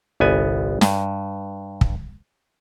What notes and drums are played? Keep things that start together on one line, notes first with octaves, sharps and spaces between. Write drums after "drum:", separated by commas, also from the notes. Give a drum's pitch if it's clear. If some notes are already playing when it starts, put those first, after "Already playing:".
G1 C2 B3 G#5
G2, drum: snare
drum: kick